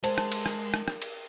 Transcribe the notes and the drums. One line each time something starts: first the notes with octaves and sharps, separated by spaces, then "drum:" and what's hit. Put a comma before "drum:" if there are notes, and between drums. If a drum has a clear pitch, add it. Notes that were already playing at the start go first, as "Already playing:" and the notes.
G#3 A#4 C5 A5, drum: cymbal
drum: rim click
drum: cymbal
drum: rim click
drum: rim click
drum: rim click
drum: cymbal